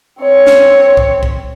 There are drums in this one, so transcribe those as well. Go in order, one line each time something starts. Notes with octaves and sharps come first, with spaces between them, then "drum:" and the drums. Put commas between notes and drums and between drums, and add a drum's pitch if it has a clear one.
C4 C#5
drum: snare
drum: kick B1
drum: kick B1